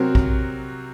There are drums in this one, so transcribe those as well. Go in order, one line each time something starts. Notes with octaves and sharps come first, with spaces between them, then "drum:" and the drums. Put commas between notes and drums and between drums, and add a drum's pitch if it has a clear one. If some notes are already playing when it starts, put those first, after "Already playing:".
Already playing: C3 F#3 C4 F#4 A#4
drum: kick A#1